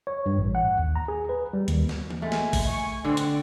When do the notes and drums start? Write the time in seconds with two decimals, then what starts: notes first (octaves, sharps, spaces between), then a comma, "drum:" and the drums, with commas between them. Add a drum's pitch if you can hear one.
0.07 C#5
0.26 G2
0.38 A1
0.55 F#5
0.78 D#2
0.96 A#5
1.08 G#4
1.29 B4
1.53 G3
1.68 D#2, drum: hi-hat
1.89 drum: snare
2.11 drum: tom E3
2.22 G#3 A3 G#5
2.32 drum: snare
2.53 drum: kick G#1, open hi-hat
2.66 G#5 C#6
3.05 D3 C4 D5
3.17 drum: hi-hat